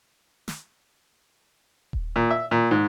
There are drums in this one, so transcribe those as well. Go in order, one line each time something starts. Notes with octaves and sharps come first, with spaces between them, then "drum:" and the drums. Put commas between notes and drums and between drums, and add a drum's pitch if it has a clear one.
drum: snare
drum: kick D#1
A#2
E5
A#2
G#2